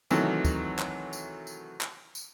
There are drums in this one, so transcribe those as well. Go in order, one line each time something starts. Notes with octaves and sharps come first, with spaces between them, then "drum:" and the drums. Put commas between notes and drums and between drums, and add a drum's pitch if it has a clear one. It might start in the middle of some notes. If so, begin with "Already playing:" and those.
C3 D#3 E3 F#3 A3, drum: tambourine
drum: kick, tambourine
drum: clap
drum: tambourine
drum: tambourine
drum: clap
drum: tambourine